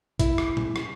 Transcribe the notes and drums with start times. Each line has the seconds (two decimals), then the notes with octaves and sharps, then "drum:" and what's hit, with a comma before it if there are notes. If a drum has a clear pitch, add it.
0.19 E4, drum: kick, hi-hat
0.38 drum: rim click
0.57 drum: tom
0.76 drum: rim click